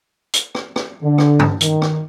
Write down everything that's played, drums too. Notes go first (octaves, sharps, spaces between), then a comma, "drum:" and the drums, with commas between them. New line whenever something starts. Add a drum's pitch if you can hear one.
drum: hi-hat
drum: rim click
drum: rim click
D3
drum: rim click
drum: tom G2
D#3, drum: hi-hat
drum: rim click